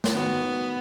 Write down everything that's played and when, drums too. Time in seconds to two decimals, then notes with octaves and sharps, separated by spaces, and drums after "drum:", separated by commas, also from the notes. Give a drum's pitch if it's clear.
0.04 drum: snare
0.14 D#3 B3 F#4